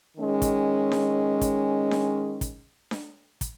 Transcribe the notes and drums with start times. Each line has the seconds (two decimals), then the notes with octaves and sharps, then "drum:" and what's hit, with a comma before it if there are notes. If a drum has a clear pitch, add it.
0.17 D#3 G#3 C#4
0.42 drum: kick, hi-hat
0.92 drum: snare D4
1.41 drum: kick, hi-hat
1.91 drum: snare D4
2.41 drum: kick, hi-hat
2.91 drum: snare D4
3.41 drum: kick, hi-hat